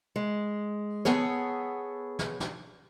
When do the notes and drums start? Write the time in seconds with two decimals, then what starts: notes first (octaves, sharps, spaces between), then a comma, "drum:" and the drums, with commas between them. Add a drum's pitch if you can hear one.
0.16 G#3
1.05 B3 G#4 A4 C#5, drum: snare
2.19 drum: snare
2.40 drum: snare